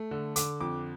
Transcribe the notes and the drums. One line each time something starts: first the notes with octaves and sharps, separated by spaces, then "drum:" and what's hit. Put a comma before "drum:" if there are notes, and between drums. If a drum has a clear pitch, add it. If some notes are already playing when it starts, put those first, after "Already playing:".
Already playing: A3
D3
D3 D6, drum: hi-hat
F2 D6